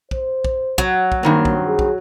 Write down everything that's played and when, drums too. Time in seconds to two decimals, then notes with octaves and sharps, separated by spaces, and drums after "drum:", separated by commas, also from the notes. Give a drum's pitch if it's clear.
0.11 C5, drum: kick
0.45 drum: kick
0.78 F#3, drum: kick
1.12 drum: kick
1.23 G2 D#3 A#3 C4
1.45 drum: kick
1.67 G#4
1.79 drum: kick